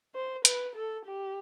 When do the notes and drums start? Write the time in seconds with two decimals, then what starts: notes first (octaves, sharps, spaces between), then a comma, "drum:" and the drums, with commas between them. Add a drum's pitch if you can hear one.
0.15 C5
0.45 B4, drum: hi-hat
0.75 A4
1.05 G4